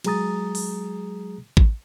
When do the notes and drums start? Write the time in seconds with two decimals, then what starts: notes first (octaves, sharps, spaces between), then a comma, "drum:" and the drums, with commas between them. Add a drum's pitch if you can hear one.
0.04 F#3 G#3 G#4 A#5 D#6 A6, drum: cymbal
0.55 drum: open hi-hat
1.57 drum: kick A1